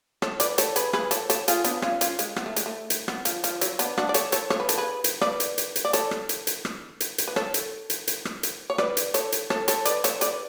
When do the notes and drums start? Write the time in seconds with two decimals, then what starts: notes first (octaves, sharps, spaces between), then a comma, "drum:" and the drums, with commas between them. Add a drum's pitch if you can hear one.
0.22 A4 C#5, drum: rim click
0.40 B4 D5, drum: hi-hat
0.58 A4 C#5, drum: hi-hat
0.76 G#4 B4, drum: hi-hat
0.93 G#4 B4, drum: rim click
1.11 A4 C#5, drum: hi-hat
1.30 A4 C#5, drum: hi-hat
1.48 F4 G#4, drum: hi-hat
1.64 B3 D4, drum: hi-hat
1.82 C#4 F4, drum: rim click
2.01 C#4 F4, drum: hi-hat
2.19 G#3, drum: hi-hat
2.36 B3, drum: rim click
2.46 A3
2.56 G#3, drum: hi-hat
2.66 A3
2.90 drum: hi-hat
3.08 B3, drum: rim click
3.25 F3, drum: hi-hat
3.44 F3, drum: hi-hat
3.61 F#3, drum: hi-hat
3.79 B3 D4, drum: hi-hat
3.98 D4 F#4, drum: rim click
4.09 D5
4.14 A4 C#5, drum: hi-hat
4.32 A4 C#5, drum: hi-hat
4.50 C#5, drum: rim click
4.60 B4
4.69 A4, drum: hi-hat
4.78 G#4 B4
5.04 drum: hi-hat
5.21 B4 D5, drum: rim click
5.40 drum: hi-hat
5.58 drum: hi-hat
5.76 drum: hi-hat
5.85 D5
5.93 A4 C#5, drum: hi-hat
6.11 drum: rim click
6.29 drum: hi-hat
6.47 drum: hi-hat
6.65 drum: rim click
7.00 drum: hi-hat
7.18 drum: hi-hat
7.28 B4
7.36 A4 C#5, drum: rim click
7.54 drum: hi-hat
7.90 drum: hi-hat
8.08 drum: hi-hat
8.25 drum: rim click
8.43 drum: hi-hat
8.70 C#5
8.78 B4 D5, drum: rim click
8.97 drum: hi-hat
9.14 A4 C#5, drum: hi-hat
9.32 drum: hi-hat
9.50 A4 C#5, drum: rim click
9.68 A4 C#5, drum: hi-hat
9.85 B4 D5, drum: hi-hat
10.04 A4 C#5, drum: hi-hat
10.21 B4 D5, drum: hi-hat